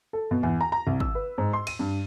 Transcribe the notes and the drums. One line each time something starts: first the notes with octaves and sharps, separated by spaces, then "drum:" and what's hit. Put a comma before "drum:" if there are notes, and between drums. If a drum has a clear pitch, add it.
A4
B2
E2, drum: tom G2
A#5
A#5
C2
E6, drum: kick
B4
G#2
C6
D#7, drum: cymbal
G2